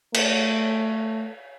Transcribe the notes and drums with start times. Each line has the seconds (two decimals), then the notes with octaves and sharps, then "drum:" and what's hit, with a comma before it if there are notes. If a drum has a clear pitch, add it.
0.14 A3, drum: cymbal